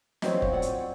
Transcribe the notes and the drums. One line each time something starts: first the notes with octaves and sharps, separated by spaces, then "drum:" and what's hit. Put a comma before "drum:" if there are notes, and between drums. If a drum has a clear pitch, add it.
F#3 C4 C#5 D#5 F5, drum: snare
drum: kick
F4 D5 F#5
drum: hi-hat